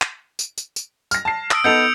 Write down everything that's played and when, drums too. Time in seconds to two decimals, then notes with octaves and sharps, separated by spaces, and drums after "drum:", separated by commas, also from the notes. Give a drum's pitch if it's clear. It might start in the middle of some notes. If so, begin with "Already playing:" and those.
0.02 drum: clap
0.39 drum: tambourine
0.58 drum: tambourine
0.76 drum: tambourine
1.11 F6 A#6, drum: tambourine
1.25 A5 C7
1.51 D#6 E6 D7, drum: clap
1.64 B3 D#4 A4 G6 C#7 F7